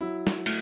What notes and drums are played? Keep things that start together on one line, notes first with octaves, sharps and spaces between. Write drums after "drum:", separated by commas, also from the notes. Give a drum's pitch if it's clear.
F#3 E4
drum: snare
A3, drum: cymbal